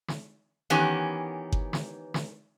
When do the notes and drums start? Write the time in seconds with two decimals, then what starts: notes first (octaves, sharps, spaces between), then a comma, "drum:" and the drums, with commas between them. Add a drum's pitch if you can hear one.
0.08 drum: snare
0.70 D#3 E3 B3 C#4 G4
1.52 drum: kick G1
1.73 drum: snare
2.14 drum: snare